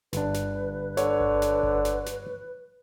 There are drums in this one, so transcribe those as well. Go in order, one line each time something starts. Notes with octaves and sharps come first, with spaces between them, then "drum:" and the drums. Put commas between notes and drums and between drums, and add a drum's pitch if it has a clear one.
G1 D4 B4, drum: snare
drum: snare
D3 C#5, drum: snare
drum: kick G1
drum: snare
drum: kick G1
drum: snare
drum: snare